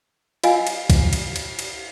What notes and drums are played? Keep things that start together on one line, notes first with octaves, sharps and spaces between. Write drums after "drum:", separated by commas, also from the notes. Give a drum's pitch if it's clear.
F4 D#5 F5 G#5, drum: cymbal
drum: cymbal
drum: kick, cymbal
drum: cymbal
drum: cymbal
drum: cymbal